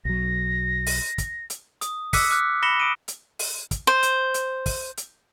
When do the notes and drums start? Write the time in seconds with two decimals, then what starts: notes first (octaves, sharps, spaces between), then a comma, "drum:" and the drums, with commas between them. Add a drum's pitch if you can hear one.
0.05 B1 F#3 A#6
0.87 drum: open hi-hat
1.18 drum: kick, hi-hat
1.50 drum: hi-hat
1.81 D#6, drum: hi-hat
2.13 D6 E6 F#6 B6 C#7, drum: kick, open hi-hat
2.31 D6 F6 F#6
2.62 B5 A#6 B6 C#7 E7 G7
2.80 D#6 D7 D#7
3.08 drum: hi-hat
3.39 drum: open hi-hat
3.71 drum: kick, hi-hat
3.87 C5
4.03 drum: hi-hat
4.34 drum: hi-hat
4.66 drum: kick, open hi-hat
4.97 drum: hi-hat